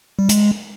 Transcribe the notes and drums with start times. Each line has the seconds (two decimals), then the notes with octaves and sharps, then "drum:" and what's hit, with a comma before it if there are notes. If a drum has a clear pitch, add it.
0.19 G3
0.29 G#3, drum: hi-hat